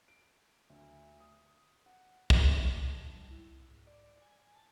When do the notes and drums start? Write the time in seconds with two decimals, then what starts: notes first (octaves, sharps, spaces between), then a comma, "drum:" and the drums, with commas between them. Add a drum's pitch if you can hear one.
0.08 D7
0.70 D2
1.20 D#6
1.86 F#5
2.30 drum: kick
2.90 A5
3.13 G3
3.31 E4
3.52 C2
3.70 G#2
3.87 D5
4.22 G#5
4.55 A5